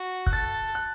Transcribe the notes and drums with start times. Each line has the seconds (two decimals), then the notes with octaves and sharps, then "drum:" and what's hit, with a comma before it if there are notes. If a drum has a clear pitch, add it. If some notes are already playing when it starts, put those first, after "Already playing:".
Already playing: F#4
0.26 F#6, drum: kick
0.32 A4 A6
0.75 F#6